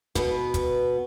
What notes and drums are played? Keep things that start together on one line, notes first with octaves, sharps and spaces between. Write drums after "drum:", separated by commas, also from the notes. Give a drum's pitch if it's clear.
B2 B3, drum: kick, hi-hat
drum: kick, hi-hat